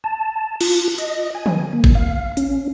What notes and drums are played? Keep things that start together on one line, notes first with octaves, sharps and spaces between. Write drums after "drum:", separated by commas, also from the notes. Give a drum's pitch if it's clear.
A5
F4, drum: cymbal
D#5, drum: hi-hat
G#5
drum: tom
A#3
drum: kick G#1
F5
C#4, drum: hi-hat